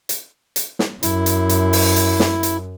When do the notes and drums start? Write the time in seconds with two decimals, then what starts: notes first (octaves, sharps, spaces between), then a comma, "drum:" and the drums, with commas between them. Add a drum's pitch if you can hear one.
0.09 drum: hi-hat
0.56 drum: hi-hat
0.79 drum: snare
1.03 F#2 E4, drum: hi-hat
1.26 drum: hi-hat
1.49 drum: hi-hat
1.73 drum: open hi-hat
1.96 drum: hi-hat
2.20 drum: snare
2.43 drum: hi-hat